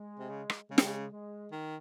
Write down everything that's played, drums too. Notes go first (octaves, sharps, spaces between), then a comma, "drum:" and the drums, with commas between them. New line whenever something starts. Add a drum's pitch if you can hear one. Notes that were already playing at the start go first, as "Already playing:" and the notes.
Already playing: G#3
C3
C#3
drum: rim click
C#3 G#3
D#3, drum: snare
C#3
G#3
D#3